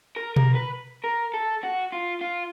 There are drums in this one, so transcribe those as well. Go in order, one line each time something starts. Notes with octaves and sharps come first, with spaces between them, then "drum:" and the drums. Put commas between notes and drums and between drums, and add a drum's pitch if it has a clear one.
A#4
A#4, drum: tom B2
B4
A#4
A4
F#4
F4
F4